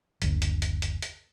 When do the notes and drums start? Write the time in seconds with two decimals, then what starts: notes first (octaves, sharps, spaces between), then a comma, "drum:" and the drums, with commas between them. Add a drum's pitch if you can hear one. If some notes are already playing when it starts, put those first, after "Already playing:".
0.22 F#1 D2, drum: hi-hat
0.42 drum: hi-hat
0.62 drum: hi-hat
0.82 drum: hi-hat
1.02 drum: hi-hat